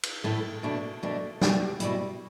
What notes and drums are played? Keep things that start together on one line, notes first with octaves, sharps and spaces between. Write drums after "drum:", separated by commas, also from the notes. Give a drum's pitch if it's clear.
drum: cymbal
A2 A3 E4
B2 A3 D4
B2 A3 D4
B2 G3 E4, drum: snare
B2 G3 E4, drum: hi-hat